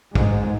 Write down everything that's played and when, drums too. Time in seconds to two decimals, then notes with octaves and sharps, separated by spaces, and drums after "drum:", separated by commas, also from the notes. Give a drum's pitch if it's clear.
0.15 G#2, drum: kick